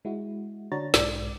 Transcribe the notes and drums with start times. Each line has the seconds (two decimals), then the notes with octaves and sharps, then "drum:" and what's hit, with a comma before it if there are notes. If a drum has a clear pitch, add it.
0.05 G#3 E4 F#4
0.72 D3 D4 F#4 C#5 A#5 A6
0.94 B1 G#2 D5, drum: snare